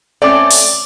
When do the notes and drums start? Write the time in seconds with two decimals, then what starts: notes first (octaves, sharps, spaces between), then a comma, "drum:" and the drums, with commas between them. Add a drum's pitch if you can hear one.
0.22 A3 C4 C#4 D5 D6
0.51 drum: open hi-hat